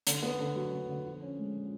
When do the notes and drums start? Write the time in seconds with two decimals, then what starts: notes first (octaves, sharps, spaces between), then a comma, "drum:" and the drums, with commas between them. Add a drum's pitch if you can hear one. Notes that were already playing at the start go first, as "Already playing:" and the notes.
0.07 D3, drum: hi-hat
0.23 B3
0.39 D3
0.56 F#3
0.71 D3
0.89 D3
1.06 F3
1.22 C#4
1.39 G#3
1.55 A#2